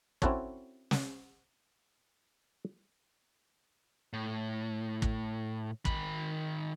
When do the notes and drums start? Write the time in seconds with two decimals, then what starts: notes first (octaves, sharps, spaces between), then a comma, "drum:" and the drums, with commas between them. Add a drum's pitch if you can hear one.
0.22 C4 C#4 E4 F#4 A4 C#5, drum: kick
0.91 drum: snare
4.13 A2
5.02 drum: kick
5.85 D#3 B5, drum: kick